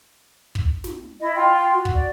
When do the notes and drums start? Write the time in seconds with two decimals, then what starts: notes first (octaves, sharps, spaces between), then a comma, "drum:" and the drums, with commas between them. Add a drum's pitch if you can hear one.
0.55 drum: kick
0.84 drum: snare
1.21 E4 D#5
1.36 F4 G5
1.56 G5
1.73 F#4
1.85 drum: kick
1.95 D5